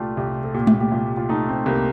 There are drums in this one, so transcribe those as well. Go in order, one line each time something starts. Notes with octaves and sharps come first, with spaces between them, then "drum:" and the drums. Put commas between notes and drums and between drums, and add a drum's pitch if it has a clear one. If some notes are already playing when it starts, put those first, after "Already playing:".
Already playing: C2 A#2 A3 D4 F4 G4
C2 G4
A4
A#2 G4
drum: tom G#3
G4
C2 F4
F4
A3 D#4
C4
C2 A#3